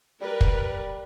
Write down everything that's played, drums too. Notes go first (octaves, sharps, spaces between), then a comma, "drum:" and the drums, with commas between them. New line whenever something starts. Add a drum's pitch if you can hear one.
G3 A#4 B4
drum: kick